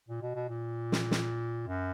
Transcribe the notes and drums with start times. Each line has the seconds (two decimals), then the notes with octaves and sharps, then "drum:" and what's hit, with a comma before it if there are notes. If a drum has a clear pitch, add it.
0.08 A#2
0.22 B2
0.35 B2
0.49 A#2
0.92 drum: snare
1.11 drum: snare
1.67 F#2